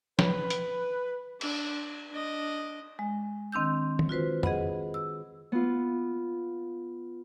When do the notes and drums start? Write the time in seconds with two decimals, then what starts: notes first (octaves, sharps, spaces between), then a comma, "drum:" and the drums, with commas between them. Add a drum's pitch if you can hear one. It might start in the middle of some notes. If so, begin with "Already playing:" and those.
0.19 B4, drum: snare
0.50 drum: hi-hat
1.41 D4, drum: cymbal
2.10 D4 D#5
2.99 G#3
3.52 D#3 C4 D4 E6 G6
3.99 drum: tom
4.09 F4 F#4 B4 C5
4.43 G#4 D#5 F#5 B5, drum: tom
4.94 E6
5.52 B3 F4